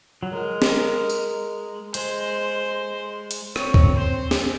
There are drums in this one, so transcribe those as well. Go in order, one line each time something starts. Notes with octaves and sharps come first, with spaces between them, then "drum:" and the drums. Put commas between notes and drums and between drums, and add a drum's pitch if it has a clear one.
F#3
G#3 A#4
drum: snare
drum: tambourine
G#3 C5, drum: hi-hat
drum: hi-hat
C4 C#5, drum: rim click
drum: kick
C5
drum: snare